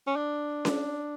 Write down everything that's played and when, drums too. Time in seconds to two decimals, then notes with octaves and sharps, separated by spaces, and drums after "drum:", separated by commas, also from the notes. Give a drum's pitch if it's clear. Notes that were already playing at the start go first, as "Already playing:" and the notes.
0.07 C#4
0.16 D4
0.65 drum: snare C#4